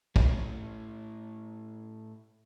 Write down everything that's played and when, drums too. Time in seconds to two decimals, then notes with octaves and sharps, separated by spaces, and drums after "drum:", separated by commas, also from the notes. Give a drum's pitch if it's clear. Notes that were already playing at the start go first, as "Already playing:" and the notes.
0.16 A2 C#4, drum: kick